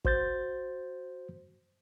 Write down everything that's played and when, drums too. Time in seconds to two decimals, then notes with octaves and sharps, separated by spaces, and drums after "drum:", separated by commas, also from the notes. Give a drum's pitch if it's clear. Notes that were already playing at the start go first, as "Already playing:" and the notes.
0.05 F#4 C5 G6 A6, drum: kick